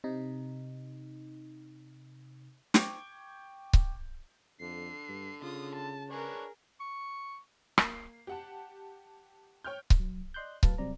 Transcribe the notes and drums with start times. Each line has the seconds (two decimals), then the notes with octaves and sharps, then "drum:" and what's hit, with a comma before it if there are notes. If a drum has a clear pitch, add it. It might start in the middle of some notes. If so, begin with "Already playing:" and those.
0.04 C3 D#4
2.74 G5 C#6 D6 G6 G#6 D7, drum: snare
3.73 drum: kick C#1
4.60 F2 D3 C7
5.09 G2
5.42 C#3 F4 D#6
5.75 A5
6.10 D4 G#4 A#4 B4 C#5
6.80 C#6
7.78 A#3 C7, drum: rim click
8.27 G4 F#5 A5
9.64 C#5 G5 F6 G6
9.90 drum: kick C#1
10.00 F#3
10.34 D5 D#5 C6 F#6 G6
10.63 D2 A2 F#3 B4 F5 A5, drum: kick C#1
10.78 C3 F#3 G3 C4 D5 A#5